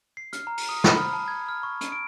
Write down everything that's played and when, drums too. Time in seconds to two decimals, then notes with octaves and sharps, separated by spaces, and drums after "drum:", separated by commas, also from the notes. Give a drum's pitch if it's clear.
0.17 C7
0.33 F6, drum: hi-hat
0.47 A#5
0.57 drum: open hi-hat
0.69 D#6
0.84 B5, drum: snare
0.98 F6
1.13 A5
1.28 G#6
1.48 F6
1.63 C#6
1.81 drum: hi-hat
1.92 D7